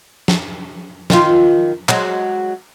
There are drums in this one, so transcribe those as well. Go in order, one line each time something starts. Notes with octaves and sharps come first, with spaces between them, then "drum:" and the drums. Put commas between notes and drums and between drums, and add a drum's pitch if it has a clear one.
drum: snare
D#3 F4, drum: snare
F#3 G#3, drum: clap